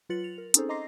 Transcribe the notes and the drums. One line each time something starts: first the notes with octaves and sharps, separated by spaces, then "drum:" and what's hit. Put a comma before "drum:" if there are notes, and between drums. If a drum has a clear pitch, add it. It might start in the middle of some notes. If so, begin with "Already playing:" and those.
F#3 F4 B4 A6 C#7 F#7
F7
A#4
C4 C#4 D#4 G#4 A4 C5, drum: hi-hat
D#5 A#5 C6 D6 A#6 C7